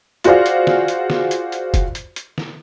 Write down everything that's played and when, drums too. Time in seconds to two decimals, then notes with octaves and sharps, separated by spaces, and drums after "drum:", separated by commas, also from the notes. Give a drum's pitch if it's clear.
0.24 F4 F#4 G#4 C5 D5 F5, drum: hi-hat
0.46 drum: hi-hat
0.67 drum: snare
0.88 drum: hi-hat
1.10 drum: snare
1.31 drum: hi-hat
1.52 drum: hi-hat
1.74 drum: kick, hi-hat
1.95 drum: hi-hat
2.16 drum: hi-hat
2.38 drum: snare